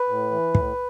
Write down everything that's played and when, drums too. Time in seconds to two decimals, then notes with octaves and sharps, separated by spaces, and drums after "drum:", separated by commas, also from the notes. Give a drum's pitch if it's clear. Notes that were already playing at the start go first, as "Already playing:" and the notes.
Already playing: B4
0.09 A2
0.31 E3
0.55 A2, drum: kick